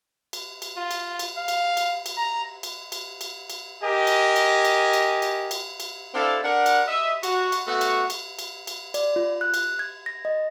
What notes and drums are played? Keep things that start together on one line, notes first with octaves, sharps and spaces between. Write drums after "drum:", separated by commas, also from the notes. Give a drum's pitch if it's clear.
drum: cymbal
drum: cymbal
F4
drum: cymbal
drum: cymbal
F5
drum: cymbal
drum: cymbal
drum: cymbal
A#5
drum: cymbal
drum: cymbal
drum: cymbal
drum: cymbal
G4 A#4 D#5 G#5
drum: cymbal
drum: cymbal
drum: cymbal
drum: cymbal
drum: cymbal
drum: cymbal
drum: cymbal
C4 D4 E4 A4 F5
D4 A#4 F#5
drum: cymbal
D#5 E5
F#4, drum: cymbal
drum: cymbal
A3 B3 F#4
drum: cymbal
drum: cymbal
drum: cymbal
drum: cymbal
D5, drum: cymbal
F4
F#6
drum: cymbal
G#6
A#6
D#5